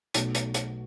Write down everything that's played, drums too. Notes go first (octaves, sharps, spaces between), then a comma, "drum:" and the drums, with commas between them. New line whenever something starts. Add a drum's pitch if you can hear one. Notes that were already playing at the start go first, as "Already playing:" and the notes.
B1 B2 A3, drum: hi-hat
drum: hi-hat
drum: hi-hat